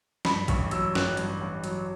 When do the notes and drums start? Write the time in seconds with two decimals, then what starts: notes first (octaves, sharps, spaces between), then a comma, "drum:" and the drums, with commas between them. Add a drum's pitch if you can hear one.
0.25 G2 B5, drum: snare
0.48 A1 C#6, drum: kick A#1, hi-hat
0.71 F#3 E6, drum: hi-hat
0.95 A1 F#6, drum: snare
1.17 G2, drum: hi-hat
1.41 A1
1.64 F#3, drum: hi-hat